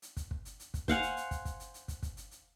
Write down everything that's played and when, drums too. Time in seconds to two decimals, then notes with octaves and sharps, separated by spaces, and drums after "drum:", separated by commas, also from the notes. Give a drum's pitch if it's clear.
0.02 drum: hi-hat
0.17 drum: kick, hi-hat
0.31 drum: kick
0.45 drum: hi-hat
0.59 drum: hi-hat
0.74 drum: kick, hi-hat
0.88 C5 F5 F#5 G#5, drum: kick, hi-hat
1.02 drum: hi-hat
1.17 drum: hi-hat
1.31 drum: kick, hi-hat
1.45 drum: kick, hi-hat
1.60 drum: hi-hat
1.74 drum: hi-hat
1.88 drum: kick, hi-hat
2.03 drum: kick, hi-hat
2.17 drum: hi-hat
2.31 drum: hi-hat